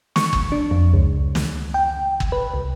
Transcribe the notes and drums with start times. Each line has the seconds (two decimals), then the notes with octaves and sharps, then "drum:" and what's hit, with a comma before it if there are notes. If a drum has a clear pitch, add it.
0.16 C#6, drum: snare
0.33 drum: kick G1
0.52 D4
0.71 F2
0.94 C#2
1.35 drum: snare
1.74 G5
2.20 drum: kick G1
2.32 B4
2.54 C2